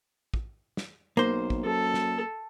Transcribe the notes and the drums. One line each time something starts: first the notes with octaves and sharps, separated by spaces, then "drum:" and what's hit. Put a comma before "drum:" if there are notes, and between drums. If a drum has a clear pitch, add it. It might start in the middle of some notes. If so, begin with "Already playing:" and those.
drum: kick
drum: snare
B1 A#3 C5
drum: kick
F#2 A4
drum: snare